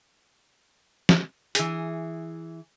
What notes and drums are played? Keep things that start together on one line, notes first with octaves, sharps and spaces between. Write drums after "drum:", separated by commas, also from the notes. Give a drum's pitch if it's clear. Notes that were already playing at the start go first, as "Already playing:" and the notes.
drum: snare
E3 G#4, drum: hi-hat